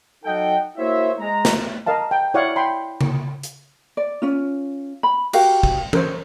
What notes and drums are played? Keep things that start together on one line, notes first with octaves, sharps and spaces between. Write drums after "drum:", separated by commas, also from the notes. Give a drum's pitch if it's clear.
F#3 D#4 A4 D#5 F#5 G5
A#3 E4 F#4 C5 C#5 E5
G#3 A#5
drum: snare
A#4 D#5 F5 A5
G5
E4 C#5 D5 F5 F#5
G5 B5 C6
drum: tom C#3
drum: hi-hat
D5
C#4 F4
B5
F#4 G4 A#4 F5, drum: cymbal
drum: kick
A#4 C5 C#5, drum: tom E3